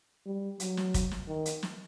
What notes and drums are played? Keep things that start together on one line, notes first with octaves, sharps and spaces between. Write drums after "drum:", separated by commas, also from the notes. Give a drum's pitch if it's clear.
G3
F#3, drum: hi-hat
drum: snare
drum: kick, hi-hat
drum: snare
D#3
drum: hi-hat
drum: snare